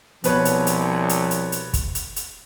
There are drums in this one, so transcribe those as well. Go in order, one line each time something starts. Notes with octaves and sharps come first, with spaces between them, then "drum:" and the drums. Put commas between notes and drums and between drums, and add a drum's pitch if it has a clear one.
C2 B2 F3 B4 C#5, drum: hi-hat
drum: hi-hat
drum: hi-hat
drum: hi-hat
drum: hi-hat
drum: hi-hat
drum: kick, hi-hat
drum: hi-hat
drum: hi-hat